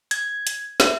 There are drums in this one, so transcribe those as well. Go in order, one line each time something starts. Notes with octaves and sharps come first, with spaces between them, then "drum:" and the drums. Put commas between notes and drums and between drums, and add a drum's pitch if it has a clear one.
G#6, drum: hi-hat
drum: hi-hat
E5, drum: snare